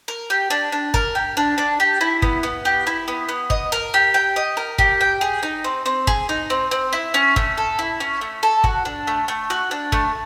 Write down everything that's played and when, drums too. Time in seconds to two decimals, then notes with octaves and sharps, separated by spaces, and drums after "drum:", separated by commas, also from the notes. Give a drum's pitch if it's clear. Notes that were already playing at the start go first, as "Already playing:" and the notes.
0.08 A#4
0.30 G4
0.50 D4
0.72 D4
0.94 A#4, drum: kick G1
1.15 G4
1.37 D4
1.58 D4
1.80 G4
2.01 E4
2.22 B3, drum: kick G1
2.43 B3
2.65 G4
2.87 E4
3.08 B3
3.29 B3
3.50 D#5, drum: kick G1
3.72 A#4
3.94 G4
4.14 G5
4.36 D#5
4.57 A#4
4.78 G4, drum: kick G1
5.01 G5
5.21 G#4
5.43 D#4
5.64 C4
5.86 C4
6.07 G#4, drum: kick G1
6.29 D#4
6.50 C4
6.71 C4
6.93 E4
7.14 C#4
7.36 A3, drum: kick G1
7.57 A4
7.79 E4
8.00 C#4
8.21 A3
8.43 A4
8.64 F#4, drum: kick G1
8.85 D4
9.07 A3
9.28 A3
9.50 F#4
9.71 D4
9.92 A3, drum: kick G1